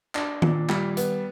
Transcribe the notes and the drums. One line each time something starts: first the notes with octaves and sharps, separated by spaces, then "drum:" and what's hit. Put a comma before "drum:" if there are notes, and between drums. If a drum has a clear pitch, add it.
D4, drum: clap
A#2, drum: tom D#3
G3, drum: clap
B3, drum: hi-hat